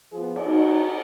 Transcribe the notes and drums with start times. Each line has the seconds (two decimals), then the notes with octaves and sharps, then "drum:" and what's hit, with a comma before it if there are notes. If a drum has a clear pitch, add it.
0.13 F3 B3 F4 G#4
0.36 drum: cymbal
0.47 D#4 F#4